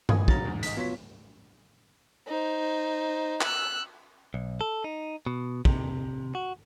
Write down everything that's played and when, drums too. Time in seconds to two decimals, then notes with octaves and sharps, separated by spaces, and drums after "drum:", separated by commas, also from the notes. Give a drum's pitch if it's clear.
0.09 G#5 D#6 G#6, drum: tom G2
0.28 C#3 F#3 A#5 A6, drum: kick
0.45 E2 G#2
0.63 D#5 B6, drum: hi-hat
0.77 F#3 B3 F4 C#5 B6
2.27 D#4 C5
3.41 E6 F#6, drum: clap
4.34 B1
4.61 A4
4.84 D#4
5.26 B2
5.65 C3, drum: kick
6.35 F#4